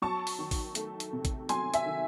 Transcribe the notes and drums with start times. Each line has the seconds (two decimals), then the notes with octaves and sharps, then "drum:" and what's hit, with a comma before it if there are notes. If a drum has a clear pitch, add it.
0.02 F#3 A5 C#6
0.27 drum: open hi-hat
0.39 D#3
0.51 drum: kick A1, open hi-hat
0.75 A3, drum: hi-hat
1.00 drum: hi-hat
1.13 C3
1.25 drum: kick A1, hi-hat
1.49 F#3 G#5 C6, drum: hi-hat
1.74 E5 G#5, drum: hi-hat
1.86 D#3